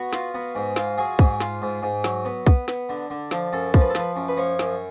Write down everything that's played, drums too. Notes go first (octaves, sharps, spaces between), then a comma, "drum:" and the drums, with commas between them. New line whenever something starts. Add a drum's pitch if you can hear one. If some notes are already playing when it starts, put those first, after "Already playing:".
Already playing: B3 F#4
F4, drum: snare
B3
G#2
F4, drum: snare
F#3 G#4
G#2, drum: kick
F4, drum: snare
G#2
G#2
F#3, drum: snare
B3
B3, drum: kick
B3, drum: snare
D3
D3
F3, drum: snare
F#2 A4
F3, drum: kick
B4
A4
F3 B4, drum: snare
F#2
B4
F3 C#5
F#2, drum: snare